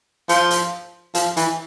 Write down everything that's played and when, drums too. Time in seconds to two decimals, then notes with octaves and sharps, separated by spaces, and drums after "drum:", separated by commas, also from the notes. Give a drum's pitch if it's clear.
0.29 F3, drum: hi-hat
0.51 drum: hi-hat
1.15 F3, drum: hi-hat
1.37 E3, drum: hi-hat